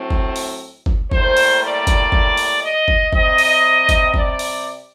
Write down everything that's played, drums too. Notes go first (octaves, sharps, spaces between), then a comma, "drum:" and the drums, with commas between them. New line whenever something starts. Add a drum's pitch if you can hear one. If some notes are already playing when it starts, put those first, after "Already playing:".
Already playing: A2 F#3 C4
drum: kick
drum: open hi-hat
drum: kick
A2 G3 A#3 C5, drum: kick
drum: open hi-hat
D5
drum: kick, hi-hat
drum: kick
drum: open hi-hat
D#5
drum: kick
C3 G3 C4 D#5, drum: kick
drum: open hi-hat
drum: kick, hi-hat
D5, drum: kick
drum: open hi-hat